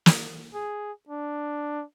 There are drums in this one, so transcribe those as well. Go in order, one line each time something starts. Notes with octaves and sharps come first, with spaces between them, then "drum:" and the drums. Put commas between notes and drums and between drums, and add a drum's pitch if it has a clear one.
drum: snare
G#4
D4